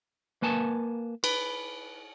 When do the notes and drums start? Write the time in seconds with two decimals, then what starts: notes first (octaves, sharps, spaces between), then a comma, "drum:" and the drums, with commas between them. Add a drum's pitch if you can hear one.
0.42 A#3 B4 G#5 A5
1.24 B4, drum: cymbal